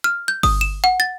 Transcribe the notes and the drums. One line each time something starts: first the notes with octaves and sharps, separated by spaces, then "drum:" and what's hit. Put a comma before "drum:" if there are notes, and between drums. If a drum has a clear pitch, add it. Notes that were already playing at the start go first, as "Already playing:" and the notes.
F6
G6
D#6, drum: kick G1, open hi-hat
E7
F#5
A6